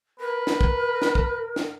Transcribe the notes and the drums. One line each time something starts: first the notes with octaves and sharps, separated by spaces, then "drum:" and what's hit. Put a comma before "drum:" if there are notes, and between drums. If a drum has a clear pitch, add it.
A#4 B4
drum: snare
drum: kick
drum: snare
drum: kick
drum: snare